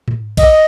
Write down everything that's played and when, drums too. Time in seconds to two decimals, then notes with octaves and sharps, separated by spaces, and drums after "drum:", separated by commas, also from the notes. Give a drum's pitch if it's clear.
0.08 drum: tom G#2
0.37 D#5, drum: kick, cymbal
0.52 D#5